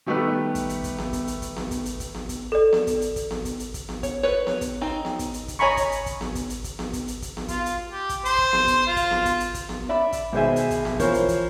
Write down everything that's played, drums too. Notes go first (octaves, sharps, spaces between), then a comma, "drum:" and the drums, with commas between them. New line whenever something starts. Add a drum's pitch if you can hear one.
D#3 G3 A3 B3 G4 B4
drum: kick, hi-hat
drum: hi-hat
drum: kick, hi-hat
drum: snare B3
drum: kick, hi-hat
drum: hi-hat
drum: kick, hi-hat
drum: snare B3
drum: kick, hi-hat
drum: hi-hat
drum: kick, hi-hat
drum: snare B3
drum: kick, hi-hat
A4 D5
drum: snare B3
drum: kick, hi-hat
drum: hi-hat
drum: kick, hi-hat
drum: snare B3
drum: kick, hi-hat
drum: hi-hat
drum: kick, hi-hat
drum: snare B3
C#5, drum: kick, hi-hat
B4 C#5
drum: snare B3
drum: kick, hi-hat
C4 D#4
drum: snare B3
drum: kick, hi-hat
drum: hi-hat
drum: kick, hi-hat
C#5 D#5 G#5 A#5 B5 C#6
drum: kick, hi-hat
drum: hi-hat
drum: kick, hi-hat
drum: snare B3
drum: kick, hi-hat
drum: hi-hat
drum: kick, hi-hat
drum: snare B3
drum: kick, hi-hat
drum: hi-hat
drum: kick, hi-hat
drum: snare B3
F4, drum: kick, hi-hat
drum: hi-hat
G4
drum: kick, hi-hat
C5, drum: hi-hat
drum: kick
drum: snare B3
drum: kick, hi-hat
F4
drum: kick, hi-hat
drum: snare B3
drum: kick, hi-hat
drum: hi-hat
drum: kick, hi-hat
drum: snare B3
D5 E5 B5
drum: kick, hi-hat
B1 D#3 G#3 C5 E5 G#5
drum: hi-hat
drum: kick, hi-hat
drum: snare B3
E3 F3 A#4 C5 C#5, drum: kick, hi-hat
drum: hi-hat
drum: kick, hi-hat